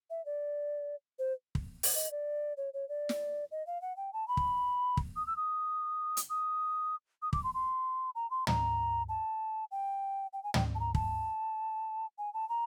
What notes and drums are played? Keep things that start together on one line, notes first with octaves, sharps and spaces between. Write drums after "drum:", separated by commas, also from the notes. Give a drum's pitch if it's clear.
E5
D5
C5
drum: kick
drum: open hi-hat
D#5
D5
C#5
C#5
D5
drum: snare
D#5
F5
F#5
G5
A5
B5
drum: kick
drum: kick
D#6
E6
D#6
drum: hi-hat
D#6
D#6
D6, drum: kick
C6
C6
A#5
C6
A#5, drum: tom
A5
G5
G5
G#5
G5, drum: tom
A5
A#5
A5, drum: kick
G#5
A5
A#5